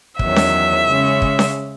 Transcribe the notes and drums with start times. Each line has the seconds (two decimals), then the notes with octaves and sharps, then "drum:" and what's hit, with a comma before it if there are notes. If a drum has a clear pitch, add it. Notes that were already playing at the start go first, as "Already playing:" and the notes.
0.19 E2 D#3 F#3 C#4 E5, drum: kick
0.36 drum: snare C#4
0.88 C#3 G#3 C#4
1.22 drum: kick
1.39 drum: snare C#4